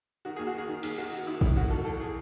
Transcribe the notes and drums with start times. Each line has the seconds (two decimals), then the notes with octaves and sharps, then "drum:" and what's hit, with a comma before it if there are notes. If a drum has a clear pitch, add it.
0.25 D#3 F#4
0.36 G#4
0.39 D#2
0.47 F#4
0.54 D#3 G#4
0.69 D#3
0.83 D#2 G#4, drum: cymbal
0.98 D#3 F#4
1.12 D#3 F#4
1.27 D#3 E4
1.41 D#3 E4, drum: kick
1.56 D#3 F#4
1.70 C2 A4
1.85 C2 A4
2.00 G#4